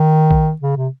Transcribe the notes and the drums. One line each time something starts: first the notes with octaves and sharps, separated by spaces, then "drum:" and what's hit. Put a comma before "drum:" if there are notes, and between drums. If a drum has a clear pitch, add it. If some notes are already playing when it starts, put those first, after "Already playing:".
Already playing: D#3
drum: kick A#1
C#3
C3